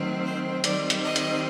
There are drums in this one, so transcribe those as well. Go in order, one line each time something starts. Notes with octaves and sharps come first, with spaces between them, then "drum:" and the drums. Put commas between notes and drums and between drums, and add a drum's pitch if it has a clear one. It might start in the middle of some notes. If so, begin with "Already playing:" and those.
Already playing: D#3 F#3 A3 C4
C5
D#3 G3 C4 D5, drum: hi-hat
drum: hi-hat
D#5
drum: hi-hat